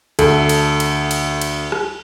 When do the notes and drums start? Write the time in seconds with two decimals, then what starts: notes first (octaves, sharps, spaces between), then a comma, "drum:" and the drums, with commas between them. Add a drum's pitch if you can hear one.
0.19 D2 A4, drum: cymbal
0.49 drum: cymbal
0.80 drum: cymbal
1.11 drum: cymbal
1.41 drum: cymbal
1.72 drum: rim click